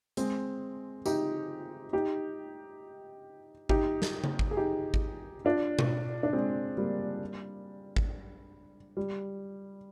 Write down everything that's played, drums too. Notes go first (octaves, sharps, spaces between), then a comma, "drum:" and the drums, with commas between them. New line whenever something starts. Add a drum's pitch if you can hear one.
G#3 C4, drum: hi-hat
D#4 G4, drum: tambourine
D#4 G4
D#4 G4, drum: kick G#1
drum: snare
drum: tom C#3
drum: kick G#1
G#4
D#4 G4
drum: kick G#1
D4 F4
drum: tom B2
D4
G#3 C4
G3 A#3
drum: kick G#1
G3